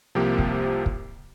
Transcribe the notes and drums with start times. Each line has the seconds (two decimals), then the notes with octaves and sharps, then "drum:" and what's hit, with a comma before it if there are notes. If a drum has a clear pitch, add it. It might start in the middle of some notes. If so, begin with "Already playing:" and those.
0.15 C2 C3 F3 A#3 G4
0.38 drum: kick
0.86 drum: kick